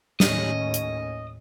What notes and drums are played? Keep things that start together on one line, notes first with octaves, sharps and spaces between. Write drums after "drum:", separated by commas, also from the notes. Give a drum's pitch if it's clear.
D#2 A2 C#4 D#5, drum: snare
drum: hi-hat